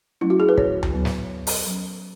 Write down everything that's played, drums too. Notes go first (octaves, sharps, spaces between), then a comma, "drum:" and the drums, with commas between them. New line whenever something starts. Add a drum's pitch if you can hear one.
F#3 A3 C#4 E4
F#4
G#4
B4
C#5, drum: kick
drum: tom D2
F#3 B3
drum: snare
drum: open hi-hat
F#3 C#4